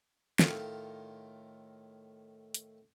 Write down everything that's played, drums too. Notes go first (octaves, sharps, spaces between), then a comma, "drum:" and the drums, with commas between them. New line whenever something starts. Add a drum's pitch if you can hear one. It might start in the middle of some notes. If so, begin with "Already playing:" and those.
A2 D#3 F4, drum: snare
drum: hi-hat